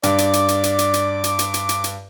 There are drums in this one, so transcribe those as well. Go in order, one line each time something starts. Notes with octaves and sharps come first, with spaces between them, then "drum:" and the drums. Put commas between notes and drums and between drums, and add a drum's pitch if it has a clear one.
G2 D5 D6, drum: hi-hat
drum: hi-hat
drum: hi-hat
drum: hi-hat
drum: hi-hat
drum: hi-hat
drum: hi-hat
drum: hi-hat
drum: hi-hat
drum: hi-hat
drum: hi-hat
drum: hi-hat